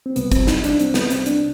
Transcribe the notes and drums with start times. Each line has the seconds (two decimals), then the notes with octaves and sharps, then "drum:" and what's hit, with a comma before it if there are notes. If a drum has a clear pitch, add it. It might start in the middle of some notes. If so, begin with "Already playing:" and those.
0.06 C4
0.16 C2 C3 G3 B3, drum: hi-hat
0.32 C4, drum: kick, hi-hat
0.47 D#4, drum: snare
0.64 D4, drum: hi-hat
0.79 C4, drum: hi-hat
0.94 B3, drum: snare
1.10 C4, drum: hi-hat
1.26 D4, drum: hi-hat